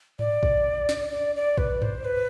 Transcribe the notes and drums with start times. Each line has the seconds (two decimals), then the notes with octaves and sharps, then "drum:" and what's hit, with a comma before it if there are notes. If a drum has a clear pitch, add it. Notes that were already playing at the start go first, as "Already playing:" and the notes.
0.19 D5, drum: tom G#2
0.43 drum: kick
0.89 drum: snare
1.12 D5
1.35 D5
1.58 B4, drum: kick
1.82 C5, drum: tom G2
2.05 B4